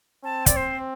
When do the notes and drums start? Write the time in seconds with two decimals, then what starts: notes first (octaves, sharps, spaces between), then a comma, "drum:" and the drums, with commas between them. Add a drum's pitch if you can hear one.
0.24 C4 A5
0.46 D5, drum: kick, hi-hat
0.56 C5